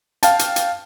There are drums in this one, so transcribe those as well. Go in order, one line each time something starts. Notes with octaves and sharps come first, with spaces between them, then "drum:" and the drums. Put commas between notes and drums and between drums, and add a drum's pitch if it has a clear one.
F5 G5 A5, drum: hi-hat
drum: hi-hat
drum: hi-hat